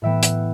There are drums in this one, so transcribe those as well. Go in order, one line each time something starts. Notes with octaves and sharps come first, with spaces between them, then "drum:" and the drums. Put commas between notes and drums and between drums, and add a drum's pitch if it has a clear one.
A2 E3 B3 E5 G5
drum: hi-hat